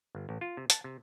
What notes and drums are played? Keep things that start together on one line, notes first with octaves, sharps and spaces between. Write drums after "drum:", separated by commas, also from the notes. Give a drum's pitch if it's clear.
G1
A1
F4
C3
A5, drum: hi-hat
C3